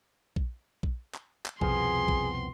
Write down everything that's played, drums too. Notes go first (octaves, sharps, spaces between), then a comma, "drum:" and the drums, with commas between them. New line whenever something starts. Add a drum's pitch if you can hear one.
drum: kick A#1
drum: kick A#1
drum: clap
drum: clap
C2 F2 B2 F3 B3 C4 G#4 C6, drum: kick A#1
drum: kick A#1